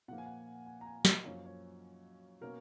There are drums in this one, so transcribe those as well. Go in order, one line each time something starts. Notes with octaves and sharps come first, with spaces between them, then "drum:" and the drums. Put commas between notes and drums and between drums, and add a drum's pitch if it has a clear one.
A#2 F3 A#3 F#5
G#5
F#5
G#5
A#5
G#5
D#5, drum: snare
F#2 F3 A#3 C#4 C#5
C#5
B2 A#3 C#4 A#4